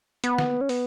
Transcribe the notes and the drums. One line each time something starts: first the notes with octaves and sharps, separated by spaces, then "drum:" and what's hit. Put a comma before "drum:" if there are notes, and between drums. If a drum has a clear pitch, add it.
B3, drum: hi-hat
drum: snare
C#4
B3, drum: open hi-hat